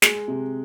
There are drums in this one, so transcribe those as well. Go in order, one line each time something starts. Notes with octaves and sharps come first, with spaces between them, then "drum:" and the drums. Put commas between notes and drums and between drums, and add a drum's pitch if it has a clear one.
G#3, drum: snare
C3